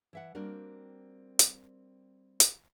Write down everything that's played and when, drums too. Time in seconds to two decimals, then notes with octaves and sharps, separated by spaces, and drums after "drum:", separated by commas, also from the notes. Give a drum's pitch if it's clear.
0.13 E3 E5 F#5
0.35 G3 A#3 C4 D4 F#4 A#4
1.39 drum: hi-hat
2.40 drum: hi-hat